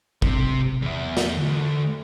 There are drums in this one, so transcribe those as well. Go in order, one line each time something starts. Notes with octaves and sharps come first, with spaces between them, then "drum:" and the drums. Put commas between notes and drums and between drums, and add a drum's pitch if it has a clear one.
C3, drum: kick
E2 E4
drum: snare
D2